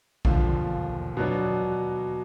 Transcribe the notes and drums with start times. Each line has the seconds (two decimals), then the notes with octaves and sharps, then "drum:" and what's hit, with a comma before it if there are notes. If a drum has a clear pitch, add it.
0.25 E1 D#2 D3 F3, drum: kick A#1
1.17 B2 F#3 B3 D4